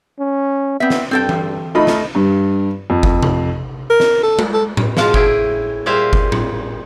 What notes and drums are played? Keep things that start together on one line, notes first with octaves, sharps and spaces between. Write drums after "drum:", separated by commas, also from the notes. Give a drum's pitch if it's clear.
C#4
B3 C4 E5
drum: snare
G2 C4 A4 G5
drum: tom E3
A3 D#4 F4 B5
drum: snare
G2
F2
drum: kick F#1
drum: tom C3
A#4
drum: snare
A4
drum: tom G#3
A4
drum: tom A2
B2 F3 G#3 F4 F5 A5, drum: snare
A2 E4 G#4 G5, drum: kick F#1
A#2 G3 G#4 C5 E5 F5
drum: kick F#1
drum: tom A2